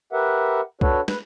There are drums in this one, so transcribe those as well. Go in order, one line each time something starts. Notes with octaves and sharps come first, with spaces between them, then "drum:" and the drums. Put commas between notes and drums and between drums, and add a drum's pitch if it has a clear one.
G4 A#4 B4 E5 F#5
D4 F#4 A4 B4 C#5, drum: kick
B4, drum: snare